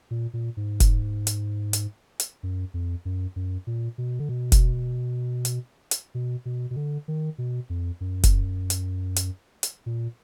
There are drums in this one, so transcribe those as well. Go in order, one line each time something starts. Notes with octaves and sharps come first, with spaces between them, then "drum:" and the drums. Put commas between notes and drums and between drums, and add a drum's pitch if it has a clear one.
A#2
A#2
G#2
drum: kick, hi-hat
drum: hi-hat
drum: hi-hat
drum: hi-hat
F#2
F2
F#2
F#2
A#2
B2
D3
B2
drum: kick, hi-hat
drum: hi-hat
drum: hi-hat
B2
B2
B2
D3
D#3
B2
F2
F#2
drum: kick, hi-hat
drum: hi-hat
drum: hi-hat
drum: hi-hat
A#2